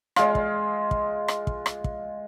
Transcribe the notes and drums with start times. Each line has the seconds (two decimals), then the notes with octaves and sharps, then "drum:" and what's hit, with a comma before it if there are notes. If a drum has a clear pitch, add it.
0.16 G#3 F4, drum: rim click
0.35 drum: kick
0.91 drum: kick
1.28 drum: rim click
1.47 drum: kick
1.66 drum: rim click
1.84 drum: kick